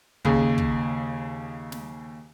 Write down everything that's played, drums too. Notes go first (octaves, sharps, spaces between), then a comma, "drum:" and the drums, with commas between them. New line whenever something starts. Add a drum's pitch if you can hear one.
D#2 C#3, drum: kick
drum: kick
drum: snare